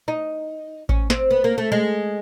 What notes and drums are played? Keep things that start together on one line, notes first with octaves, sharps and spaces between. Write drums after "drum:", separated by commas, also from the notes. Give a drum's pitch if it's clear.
D#4
C#4, drum: kick A1
C4, drum: snare
B3
A#3
A3
G#3